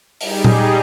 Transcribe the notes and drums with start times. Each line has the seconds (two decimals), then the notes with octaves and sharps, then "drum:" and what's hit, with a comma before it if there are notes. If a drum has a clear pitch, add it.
0.21 G3 D#4 G4 G#4, drum: open hi-hat
0.44 drum: tom A#2